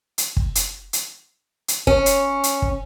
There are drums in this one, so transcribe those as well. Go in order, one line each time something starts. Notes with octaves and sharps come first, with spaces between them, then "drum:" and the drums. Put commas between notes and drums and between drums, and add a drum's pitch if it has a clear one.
drum: hi-hat
drum: kick
drum: hi-hat
drum: hi-hat
drum: hi-hat
C#4, drum: kick
drum: hi-hat
drum: hi-hat
drum: kick